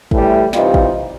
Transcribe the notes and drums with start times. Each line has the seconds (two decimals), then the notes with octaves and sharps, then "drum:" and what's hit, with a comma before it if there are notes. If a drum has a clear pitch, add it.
0.11 A2 E3 G3, drum: kick
0.53 C3 E3 G3 D#4 F4, drum: snare
0.74 drum: kick